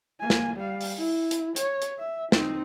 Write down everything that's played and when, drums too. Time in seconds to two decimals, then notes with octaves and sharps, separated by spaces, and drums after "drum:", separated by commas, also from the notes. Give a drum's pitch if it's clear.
0.20 A#3 G#5
0.30 drum: snare
0.56 G3 F5
0.81 drum: open hi-hat
0.97 E4
1.31 drum: hi-hat
1.56 C#5, drum: hi-hat
1.82 drum: hi-hat
1.98 E5
2.32 C4 D#4, drum: snare